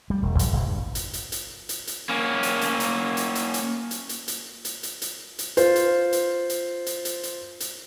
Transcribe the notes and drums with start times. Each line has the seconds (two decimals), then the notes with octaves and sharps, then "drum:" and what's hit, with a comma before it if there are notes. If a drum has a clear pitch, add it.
0.10 G3
0.23 E1
0.39 A#1, drum: hi-hat
0.53 F#1
0.67 G2
0.95 drum: hi-hat
1.14 drum: hi-hat
1.32 drum: hi-hat
1.69 drum: hi-hat
1.87 drum: hi-hat
2.09 A#3 C#4
2.43 drum: hi-hat
2.61 drum: hi-hat
2.80 drum: hi-hat
3.17 drum: hi-hat
3.35 drum: hi-hat
3.54 drum: hi-hat
3.91 drum: hi-hat
4.09 drum: hi-hat
4.28 drum: hi-hat
4.65 drum: hi-hat
4.83 drum: hi-hat
5.02 drum: hi-hat
5.39 drum: hi-hat
5.57 F4 C5, drum: hi-hat
5.76 drum: hi-hat
6.13 drum: hi-hat
6.50 drum: hi-hat
6.86 drum: hi-hat
7.05 drum: hi-hat
7.23 drum: hi-hat
7.60 drum: hi-hat